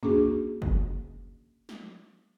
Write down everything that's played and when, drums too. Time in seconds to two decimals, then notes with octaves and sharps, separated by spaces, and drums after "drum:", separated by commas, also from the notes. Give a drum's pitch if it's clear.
0.03 A#3 C#4 D4 F#4 G#4, drum: tom
0.62 drum: kick
1.69 drum: snare